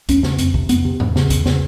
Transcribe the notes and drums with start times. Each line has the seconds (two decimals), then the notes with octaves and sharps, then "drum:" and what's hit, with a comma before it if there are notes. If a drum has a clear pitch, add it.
0.09 E2 C#4, drum: kick, hi-hat
0.23 C#3, drum: snare
0.39 F2 C4, drum: hi-hat
0.54 C3, drum: kick
0.69 F2 B3, drum: hi-hat
0.85 C3
1.00 E2, drum: tom G#2
1.16 C#3, drum: snare
1.30 E2, drum: kick, hi-hat
1.46 C#3, drum: snare